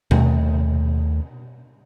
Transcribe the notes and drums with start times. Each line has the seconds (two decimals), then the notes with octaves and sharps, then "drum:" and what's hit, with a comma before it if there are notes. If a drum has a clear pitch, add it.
0.11 D#2 A3, drum: tom B2